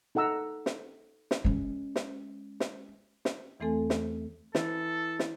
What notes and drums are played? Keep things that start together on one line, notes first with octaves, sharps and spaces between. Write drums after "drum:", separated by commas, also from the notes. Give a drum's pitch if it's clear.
D#4 A4 F#5 A#5 E6
drum: snare
drum: snare
G#3 C#4
drum: snare
drum: snare
drum: snare
E2 E3 A3 C4 A4 G#5
drum: snare
E3 A4, drum: snare
drum: snare